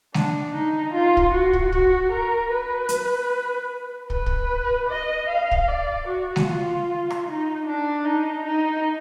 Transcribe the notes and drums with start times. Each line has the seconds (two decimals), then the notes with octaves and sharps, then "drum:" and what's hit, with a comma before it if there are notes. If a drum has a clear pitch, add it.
0.14 D4, drum: snare G#3
0.54 D#4
0.93 F4
1.17 drum: kick
1.33 F#4
1.53 drum: kick
1.72 F#4, drum: kick
2.12 A#4
2.52 B4
2.89 drum: hi-hat
4.10 B4, drum: kick
4.26 drum: kick
4.89 D#5
5.29 F5
5.51 drum: kick
5.68 D5
6.08 F#4
6.36 drum: snare G#3
6.47 F4
7.10 drum: rim click
7.27 D#4
7.66 D4
8.05 D#4
8.45 D#4